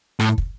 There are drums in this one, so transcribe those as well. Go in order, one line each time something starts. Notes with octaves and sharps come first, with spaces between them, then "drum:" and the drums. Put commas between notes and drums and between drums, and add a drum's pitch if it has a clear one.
A2, drum: rim click
drum: kick